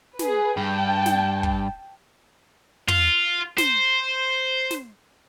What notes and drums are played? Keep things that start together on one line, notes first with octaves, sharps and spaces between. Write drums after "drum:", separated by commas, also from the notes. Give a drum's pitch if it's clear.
G#4 B4, drum: snare
G2 G5 A5
drum: snare
drum: kick
F4, drum: tom
C5, drum: snare
drum: snare